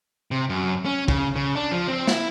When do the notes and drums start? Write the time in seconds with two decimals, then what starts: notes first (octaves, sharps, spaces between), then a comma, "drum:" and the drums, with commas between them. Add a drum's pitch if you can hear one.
0.31 C3
0.49 F#2
0.85 C#4
1.08 C#3, drum: kick
1.36 C#3
1.56 D4
1.71 F3
1.88 C4
2.07 E4, drum: snare